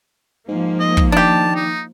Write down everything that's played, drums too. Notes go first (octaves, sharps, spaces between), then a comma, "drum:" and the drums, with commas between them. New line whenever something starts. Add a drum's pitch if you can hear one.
G#2 F3 A#3
D#5
drum: kick
D#3 D4 G4 A5
D#4